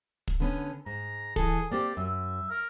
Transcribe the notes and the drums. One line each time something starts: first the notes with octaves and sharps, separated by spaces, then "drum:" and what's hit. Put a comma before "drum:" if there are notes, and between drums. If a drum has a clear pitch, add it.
drum: kick
D3 B3 C#4
G#2 A#5
E3 G#4 A4, drum: kick
A#3 C4 G4 D5
F#2 E5
A#4